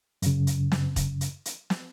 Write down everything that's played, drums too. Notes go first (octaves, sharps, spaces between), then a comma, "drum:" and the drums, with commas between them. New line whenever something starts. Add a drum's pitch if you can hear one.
F#2 C#3, drum: hi-hat
drum: hi-hat
drum: snare
drum: kick, hi-hat
drum: hi-hat
drum: hi-hat
drum: snare